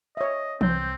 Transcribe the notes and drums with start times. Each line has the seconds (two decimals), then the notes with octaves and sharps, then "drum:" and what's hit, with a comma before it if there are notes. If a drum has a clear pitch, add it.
0.17 C#5 D#5 E5
0.61 C2 C4 G6, drum: tom E3